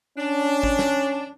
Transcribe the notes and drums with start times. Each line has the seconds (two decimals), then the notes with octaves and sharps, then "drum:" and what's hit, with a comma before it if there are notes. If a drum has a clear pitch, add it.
0.17 C#4 D4
0.63 drum: kick G#1
0.79 drum: snare